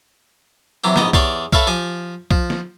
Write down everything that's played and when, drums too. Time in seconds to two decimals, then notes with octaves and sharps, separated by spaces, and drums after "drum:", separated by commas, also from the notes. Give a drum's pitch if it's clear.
0.84 C3 E3 F#3 G4
0.96 A#1 G#2 B3 G4 D#5, drum: snare
1.13 E2 G4 C#5 D5 C6, drum: kick B1
1.53 A4 B4 C#5 E5 F5, drum: kick B1
1.67 F3 G4 G#5
2.31 F3, drum: kick B1
2.50 drum: snare